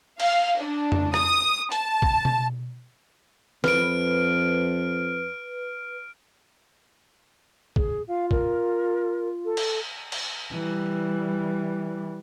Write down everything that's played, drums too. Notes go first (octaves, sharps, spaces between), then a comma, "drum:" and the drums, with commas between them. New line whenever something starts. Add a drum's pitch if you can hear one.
F5, drum: cymbal
D4
drum: tom F2
D#6, drum: rim click
A5, drum: hi-hat
drum: kick
drum: tom B2
F2 B4 F6 D7, drum: snare
G#4, drum: kick
F4 F5
A#4, drum: kick
A4
drum: cymbal
drum: cymbal
E3 G3